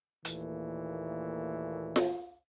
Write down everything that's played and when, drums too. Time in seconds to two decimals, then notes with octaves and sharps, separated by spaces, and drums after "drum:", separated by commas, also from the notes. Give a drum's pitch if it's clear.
0.25 D#2 A#2 E3 A3, drum: hi-hat
1.96 drum: snare F4